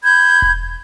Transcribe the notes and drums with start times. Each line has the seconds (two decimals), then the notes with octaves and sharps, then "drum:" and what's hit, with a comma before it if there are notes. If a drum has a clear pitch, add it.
0.04 B5 G6 G#6
0.42 drum: kick E1